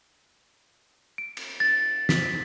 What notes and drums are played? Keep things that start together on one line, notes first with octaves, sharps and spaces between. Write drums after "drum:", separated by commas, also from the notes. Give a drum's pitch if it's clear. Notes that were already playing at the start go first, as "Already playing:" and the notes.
D7
drum: cymbal
A6
B6, drum: snare